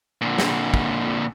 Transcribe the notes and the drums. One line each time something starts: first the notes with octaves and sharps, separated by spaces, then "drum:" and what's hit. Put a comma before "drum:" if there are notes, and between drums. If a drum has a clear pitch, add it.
A#2 D3
drum: snare
drum: kick